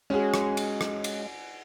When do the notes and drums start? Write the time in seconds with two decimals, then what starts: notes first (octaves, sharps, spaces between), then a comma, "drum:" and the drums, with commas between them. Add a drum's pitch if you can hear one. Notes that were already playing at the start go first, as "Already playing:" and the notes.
0.10 G#3 C#4 F#4 G#4
0.34 drum: rim click
0.57 drum: cymbal
0.81 drum: rim click
1.04 drum: cymbal